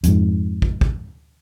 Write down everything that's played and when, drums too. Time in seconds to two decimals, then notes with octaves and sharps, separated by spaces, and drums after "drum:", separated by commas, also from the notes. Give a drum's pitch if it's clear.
0.04 F2 G#2, drum: hi-hat
0.62 drum: kick
0.81 drum: kick